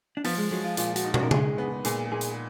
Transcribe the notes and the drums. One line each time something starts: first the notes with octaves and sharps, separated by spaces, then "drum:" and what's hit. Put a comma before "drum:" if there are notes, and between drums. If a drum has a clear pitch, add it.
D4
F3 B3, drum: open hi-hat
G#3
F#3 G#3
F4
A#2 F4, drum: hi-hat
F#4, drum: hi-hat
D#4
F#4, drum: tom
A#4
G#3 G#4, drum: tom C#3
B3
A#2 G#4, drum: hi-hat
A#2 G#4
drum: hi-hat